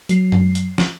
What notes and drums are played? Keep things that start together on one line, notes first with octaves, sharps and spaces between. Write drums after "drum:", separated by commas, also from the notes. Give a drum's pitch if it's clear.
F#3 C7, drum: hi-hat
drum: tom F#2
drum: hi-hat
drum: snare